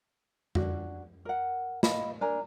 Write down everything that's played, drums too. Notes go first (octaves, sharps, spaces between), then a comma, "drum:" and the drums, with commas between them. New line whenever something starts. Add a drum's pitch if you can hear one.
D4 F#4, drum: tom F2
A#4 F#5
D#5 F5 B5, drum: snare
D4 A#4 G#5 A#5